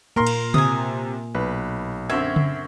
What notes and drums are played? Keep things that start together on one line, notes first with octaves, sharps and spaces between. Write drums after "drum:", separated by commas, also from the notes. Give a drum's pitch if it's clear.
A#2 A#3 A#4 C6
drum: cymbal
C3 G#5 D#6, drum: tom C#3
B1 B4
F#2 D3 C4 E5 G#6
drum: tom C#3